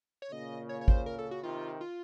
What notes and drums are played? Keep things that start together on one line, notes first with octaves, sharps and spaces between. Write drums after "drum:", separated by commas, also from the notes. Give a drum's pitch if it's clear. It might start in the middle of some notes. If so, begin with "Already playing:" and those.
C#5
A#2 C#3 D#5
C#5
C#5
C5, drum: kick
A#4
A4
F#4
C3 D#3 F4
F4